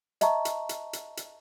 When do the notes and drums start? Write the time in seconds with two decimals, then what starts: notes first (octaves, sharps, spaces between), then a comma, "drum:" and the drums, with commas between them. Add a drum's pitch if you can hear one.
0.21 D#5 E5 A5 A#5 C#6, drum: hi-hat
0.45 drum: hi-hat
0.69 drum: hi-hat
0.93 drum: hi-hat
1.17 drum: hi-hat